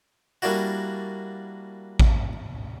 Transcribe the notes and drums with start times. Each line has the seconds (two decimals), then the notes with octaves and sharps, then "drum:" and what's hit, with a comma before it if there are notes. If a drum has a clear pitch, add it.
0.42 G3 A#3 D4 E4 F#4
2.00 drum: kick A1